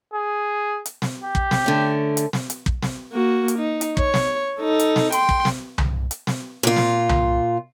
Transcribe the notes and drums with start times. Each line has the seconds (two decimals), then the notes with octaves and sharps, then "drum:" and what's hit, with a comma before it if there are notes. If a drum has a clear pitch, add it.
0.14 G#4
0.86 drum: hi-hat
1.02 drum: snare
1.24 G4
1.35 drum: kick
1.51 drum: snare
1.64 D3 A3 C#4
2.17 drum: hi-hat
2.33 drum: snare
2.50 drum: hi-hat
2.66 drum: kick
2.83 drum: snare
3.12 A#3 F#4
3.48 drum: hi-hat
3.58 D#4
3.81 drum: hi-hat
3.97 C#5, drum: kick
4.14 drum: snare
4.60 D#4 A4
4.79 drum: hi-hat
4.96 drum: snare
5.12 G5 C6, drum: hi-hat
5.29 drum: kick
5.45 drum: snare
5.78 drum: tom C2
6.11 drum: hi-hat
6.27 drum: snare
6.63 A#2 F4
6.76 drum: snare
7.09 drum: tom C2